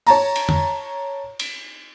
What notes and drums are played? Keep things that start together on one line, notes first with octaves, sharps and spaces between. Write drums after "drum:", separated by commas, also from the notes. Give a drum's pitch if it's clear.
C#5 A5 A#5, drum: open hi-hat
drum: cymbal
drum: tom
drum: cymbal